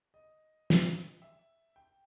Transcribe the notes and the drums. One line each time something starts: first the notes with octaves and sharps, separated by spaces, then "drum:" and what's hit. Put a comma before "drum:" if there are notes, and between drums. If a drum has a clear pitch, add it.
D#5
drum: snare
E5
G5